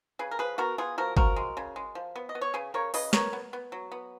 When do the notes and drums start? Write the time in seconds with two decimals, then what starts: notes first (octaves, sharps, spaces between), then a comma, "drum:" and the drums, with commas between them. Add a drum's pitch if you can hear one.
0.19 C#3 G#4 B4
0.31 A#4
0.39 F3 G#4 B4
0.58 B3 F#4 A#4
0.78 B3 F4 G#4
0.98 F3 F#4 A#4
1.17 F3 F#4 A#4, drum: kick G1
1.36 G#3
1.57 C#3
1.76 G#3
1.95 F3
2.16 B3
2.29 D#5
2.35 B3
2.41 C#5
2.54 C#3 G#4 B4
2.74 C#3 A#4 C#5
2.94 C#3 B4 D#5, drum: open hi-hat
3.13 B3 A#4 C#5, drum: snare
3.33 B3
3.53 B3
3.72 F#3
3.92 B3